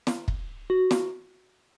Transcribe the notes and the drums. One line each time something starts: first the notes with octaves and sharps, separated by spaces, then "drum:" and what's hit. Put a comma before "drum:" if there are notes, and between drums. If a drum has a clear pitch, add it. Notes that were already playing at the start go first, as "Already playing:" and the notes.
drum: snare
drum: kick
F#4
drum: snare